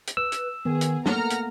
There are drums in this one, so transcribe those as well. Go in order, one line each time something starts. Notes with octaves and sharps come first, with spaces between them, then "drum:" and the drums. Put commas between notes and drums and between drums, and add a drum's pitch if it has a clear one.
drum: hi-hat
B4 E6
drum: hi-hat
D#3 B3 G#4
drum: hi-hat
A3 A#3 F#5 A#5 F6, drum: snare
drum: hi-hat